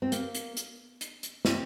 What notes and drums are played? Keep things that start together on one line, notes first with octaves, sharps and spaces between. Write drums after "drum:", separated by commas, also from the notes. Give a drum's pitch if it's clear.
C4
A#3, drum: hi-hat
drum: hi-hat
drum: hi-hat
drum: hi-hat
drum: hi-hat
C4, drum: snare